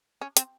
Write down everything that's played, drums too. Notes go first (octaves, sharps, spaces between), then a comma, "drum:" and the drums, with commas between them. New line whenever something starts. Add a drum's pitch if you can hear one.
C#4
C4, drum: hi-hat